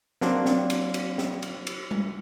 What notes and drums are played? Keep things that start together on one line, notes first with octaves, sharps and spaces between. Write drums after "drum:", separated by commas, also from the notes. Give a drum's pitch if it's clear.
F#3 A#3 C4 D4 C5 D5, drum: snare
drum: snare
drum: cymbal
drum: cymbal
drum: snare
drum: cymbal
drum: cymbal
drum: tom G3